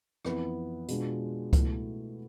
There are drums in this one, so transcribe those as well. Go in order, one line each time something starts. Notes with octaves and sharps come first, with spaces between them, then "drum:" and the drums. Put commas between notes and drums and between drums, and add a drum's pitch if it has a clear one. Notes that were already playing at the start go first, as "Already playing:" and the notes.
F2 E3 B3 E4, drum: rim click
B2 G#3 D4 F4, drum: hi-hat
B2 A3 E4, drum: kick C#2, hi-hat